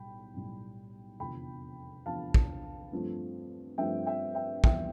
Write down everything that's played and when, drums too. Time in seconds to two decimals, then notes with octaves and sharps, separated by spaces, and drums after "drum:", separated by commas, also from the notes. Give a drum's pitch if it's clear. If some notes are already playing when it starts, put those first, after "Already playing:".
Already playing: B1 A2 G3 G5 B5
0.34 B1 A2 G3
1.19 F1 E2 D3 F3 G5 B5
2.05 F1 E2 D3 F3 F5 A5
2.34 drum: kick
2.92 G2 F3 A3 C4
3.78 G2 F3 A3 C4 E5 G5
4.06 E5 G5
4.35 E5 G5
4.64 F2 E3 G3 B3 E5 G5, drum: kick